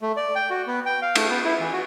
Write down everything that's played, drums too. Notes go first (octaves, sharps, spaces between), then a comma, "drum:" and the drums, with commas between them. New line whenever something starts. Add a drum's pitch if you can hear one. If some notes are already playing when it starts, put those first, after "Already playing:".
A3
D5
G5
F#4
B3
G5
F5
A3, drum: cymbal
B3
E4
E3
F#4